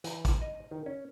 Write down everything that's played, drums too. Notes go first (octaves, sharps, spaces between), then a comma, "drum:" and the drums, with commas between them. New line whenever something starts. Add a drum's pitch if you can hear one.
E3, drum: hi-hat
drum: kick, hi-hat
D#5
D#3
C#4